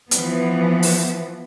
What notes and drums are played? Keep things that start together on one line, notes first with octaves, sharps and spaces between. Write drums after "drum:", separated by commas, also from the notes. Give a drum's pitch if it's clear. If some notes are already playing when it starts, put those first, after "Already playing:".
E3 F3 B3, drum: hi-hat
drum: open hi-hat